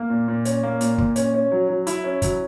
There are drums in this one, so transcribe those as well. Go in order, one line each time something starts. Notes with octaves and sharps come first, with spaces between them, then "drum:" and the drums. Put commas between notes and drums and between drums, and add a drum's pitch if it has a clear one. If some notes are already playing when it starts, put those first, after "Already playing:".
Already playing: A#3
A#2
A#2
C#4, drum: hi-hat
A#3
A#2, drum: hi-hat
A#2, drum: kick
C#4, drum: hi-hat
C#4
F#3
F#3
E4, drum: hi-hat
C#4
F#3, drum: kick, hi-hat